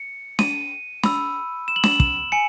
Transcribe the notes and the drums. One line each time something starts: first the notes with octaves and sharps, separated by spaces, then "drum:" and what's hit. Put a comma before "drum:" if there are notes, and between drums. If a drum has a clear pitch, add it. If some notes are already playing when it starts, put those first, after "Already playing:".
Already playing: C#7
D#7, drum: snare
B5 E6, drum: snare
E7
F#7
E7, drum: snare
F#7
E7, drum: kick
G#5 C#7